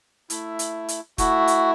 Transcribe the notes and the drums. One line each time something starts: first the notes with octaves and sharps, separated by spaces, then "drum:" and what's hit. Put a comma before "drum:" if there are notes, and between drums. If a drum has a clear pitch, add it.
A3 E4, drum: hi-hat
drum: hi-hat
drum: hi-hat
A3 E4 F#4, drum: kick, hi-hat
drum: hi-hat